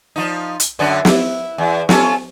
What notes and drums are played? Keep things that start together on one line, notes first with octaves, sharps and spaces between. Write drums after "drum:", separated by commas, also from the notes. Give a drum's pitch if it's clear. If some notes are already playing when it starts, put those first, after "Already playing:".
F3 D#4
drum: hi-hat
F#2 D3 B3
E4, drum: snare
E2
C#4 F4 A4, drum: snare